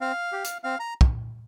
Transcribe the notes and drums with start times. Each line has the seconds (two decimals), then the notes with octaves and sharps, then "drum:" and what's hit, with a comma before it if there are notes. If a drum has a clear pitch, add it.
0.01 C4 F5
0.32 G4
0.44 drum: hi-hat
0.64 C4 F5
0.80 A#5
1.01 drum: kick